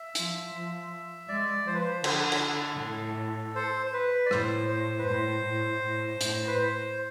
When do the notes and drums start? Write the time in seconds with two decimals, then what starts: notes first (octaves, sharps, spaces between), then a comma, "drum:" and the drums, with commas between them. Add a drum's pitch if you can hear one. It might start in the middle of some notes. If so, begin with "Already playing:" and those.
Already playing: E5
0.15 F3, drum: hi-hat
0.53 F3
1.28 G#3 D5
1.67 F3 C5
1.74 B4
1.81 C5
2.04 D3 A4, drum: cymbal
2.32 drum: cymbal
2.80 A2
3.56 C5
3.86 C5
3.93 B4
4.26 D5
4.31 A2 C5, drum: rim click
4.69 C5
4.99 B4
5.07 A2 C5
5.45 A2
5.83 A2
6.21 A2, drum: hi-hat
6.47 B4
6.58 C5